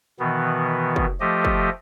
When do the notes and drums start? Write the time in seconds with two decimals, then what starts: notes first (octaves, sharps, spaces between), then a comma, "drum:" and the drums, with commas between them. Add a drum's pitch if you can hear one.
0.19 B2 D#3 E3 B3
0.96 drum: kick
1.20 F3 A3 G4 D#5
1.45 drum: kick